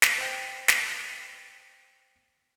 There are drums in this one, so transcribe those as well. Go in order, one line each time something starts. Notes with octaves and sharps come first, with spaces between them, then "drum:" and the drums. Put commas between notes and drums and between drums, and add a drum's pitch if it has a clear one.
drum: snare
C5 G5
drum: snare